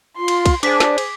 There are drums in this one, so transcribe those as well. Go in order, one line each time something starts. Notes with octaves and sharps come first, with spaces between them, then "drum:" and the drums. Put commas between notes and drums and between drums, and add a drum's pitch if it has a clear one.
F4 C6
drum: cymbal
drum: kick, cymbal
D4 G#4 C5 D6 B6, drum: cymbal
drum: snare
drum: cymbal